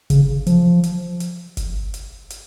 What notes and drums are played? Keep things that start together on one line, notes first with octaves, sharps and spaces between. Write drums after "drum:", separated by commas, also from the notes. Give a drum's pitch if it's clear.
C#3, drum: kick F#1, hi-hat
F3, drum: hi-hat
drum: hi-hat
drum: hi-hat
drum: kick F#1, hi-hat
drum: hi-hat
drum: hi-hat